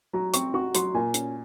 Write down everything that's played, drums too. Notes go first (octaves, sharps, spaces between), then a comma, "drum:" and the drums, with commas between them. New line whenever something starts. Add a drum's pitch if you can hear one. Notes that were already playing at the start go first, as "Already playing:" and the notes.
F#3 A#5
C4 C#6, drum: hi-hat
F#4 C#6
F#3 C6, drum: hi-hat
A#2 G#5
C#4, drum: hi-hat